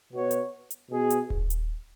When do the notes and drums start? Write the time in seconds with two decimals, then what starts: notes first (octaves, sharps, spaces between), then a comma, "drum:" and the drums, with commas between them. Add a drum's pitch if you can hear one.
0.11 B2 B3 F#4 C#5
0.31 drum: hi-hat
0.71 drum: hi-hat
0.90 B2 B3 G#4
1.10 drum: hi-hat
1.30 drum: kick D#1
1.50 drum: hi-hat